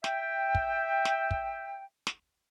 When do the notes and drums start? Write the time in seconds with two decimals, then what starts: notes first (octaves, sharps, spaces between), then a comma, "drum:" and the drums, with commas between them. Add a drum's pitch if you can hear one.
0.04 E5 G5, drum: snare
0.55 drum: kick
1.05 drum: snare
1.31 drum: kick
2.07 drum: snare